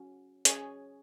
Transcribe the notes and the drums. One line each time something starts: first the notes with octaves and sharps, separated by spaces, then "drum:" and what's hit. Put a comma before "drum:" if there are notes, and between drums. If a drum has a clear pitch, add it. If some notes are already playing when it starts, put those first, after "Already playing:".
Already playing: C#4 F#4
C#4 G#4 C#5 G#5, drum: hi-hat